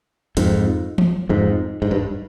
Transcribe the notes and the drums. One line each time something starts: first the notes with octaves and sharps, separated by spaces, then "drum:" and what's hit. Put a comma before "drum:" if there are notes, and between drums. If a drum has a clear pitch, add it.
F2 G#2, drum: hi-hat
drum: tom E3
F2 G#2
G#2
G2